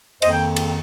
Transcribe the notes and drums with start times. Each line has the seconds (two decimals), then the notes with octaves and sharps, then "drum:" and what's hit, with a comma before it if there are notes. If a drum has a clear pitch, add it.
0.22 F2 D#3 A#3 C5 D#5, drum: cymbal
0.31 G5
0.56 drum: cymbal